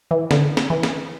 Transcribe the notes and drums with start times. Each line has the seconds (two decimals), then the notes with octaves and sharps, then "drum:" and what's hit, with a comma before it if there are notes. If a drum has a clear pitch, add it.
0.11 E3
0.31 D3, drum: snare
0.57 drum: snare
0.70 E3
0.83 drum: snare